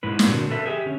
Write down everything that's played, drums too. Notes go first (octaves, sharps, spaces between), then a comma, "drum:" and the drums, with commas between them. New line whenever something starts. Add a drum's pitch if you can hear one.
G#2 G#3 E4 B4
drum: snare
A#2 D3 C4 F#4
A4 B4 E5
G4 G#4 E5
D3 C#4